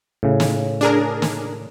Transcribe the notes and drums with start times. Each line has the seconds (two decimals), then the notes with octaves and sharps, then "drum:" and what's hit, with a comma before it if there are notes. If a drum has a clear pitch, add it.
0.23 A2 C#3
0.40 drum: snare
0.81 D4 G#4 A#4
1.22 drum: snare